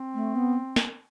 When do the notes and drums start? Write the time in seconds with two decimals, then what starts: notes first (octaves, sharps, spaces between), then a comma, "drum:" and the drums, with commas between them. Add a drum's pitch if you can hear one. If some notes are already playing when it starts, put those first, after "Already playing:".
Already playing: C4
0.14 A3
0.35 B3
0.76 drum: snare